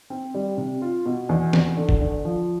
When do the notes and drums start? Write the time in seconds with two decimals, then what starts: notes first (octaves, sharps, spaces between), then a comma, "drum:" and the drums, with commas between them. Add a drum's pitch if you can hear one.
0.10 C4
0.34 G3
0.57 C3
0.82 F4
1.06 B2
1.29 E2
1.53 E2, drum: snare
1.77 D3
1.89 drum: kick
2.01 D3
2.25 F3